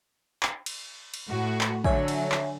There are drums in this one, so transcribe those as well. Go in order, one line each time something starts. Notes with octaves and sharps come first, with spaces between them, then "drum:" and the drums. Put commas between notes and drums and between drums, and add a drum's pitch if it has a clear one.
drum: clap
drum: cymbal
drum: cymbal
A2 F#4
drum: clap
D3 F#3 C#5 E5 G#5, drum: kick
drum: cymbal
drum: clap